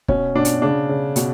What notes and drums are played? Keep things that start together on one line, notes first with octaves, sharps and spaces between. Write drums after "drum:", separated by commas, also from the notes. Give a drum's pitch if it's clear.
B2 C#4, drum: kick
B2 D4
drum: hi-hat
C#3 D4
C#3
B2, drum: hi-hat